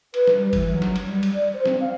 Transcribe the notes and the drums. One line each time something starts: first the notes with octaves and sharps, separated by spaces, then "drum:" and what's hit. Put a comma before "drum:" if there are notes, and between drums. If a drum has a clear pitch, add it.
B4, drum: cymbal
drum: snare
G3
E3, drum: kick F#1, cymbal
F#3
drum: snare
drum: cymbal
G3
drum: cymbal
D5
C5
C4, drum: snare
F5